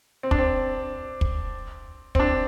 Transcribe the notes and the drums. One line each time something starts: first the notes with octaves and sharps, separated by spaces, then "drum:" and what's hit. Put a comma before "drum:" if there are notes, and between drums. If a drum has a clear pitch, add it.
C4
D4, drum: kick
C4
drum: kick
C4, drum: kick
D4